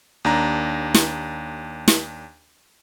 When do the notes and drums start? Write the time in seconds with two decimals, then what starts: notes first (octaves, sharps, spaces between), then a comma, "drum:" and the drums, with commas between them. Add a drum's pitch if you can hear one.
0.25 D#2 D4 A#5
0.94 drum: snare
1.88 drum: snare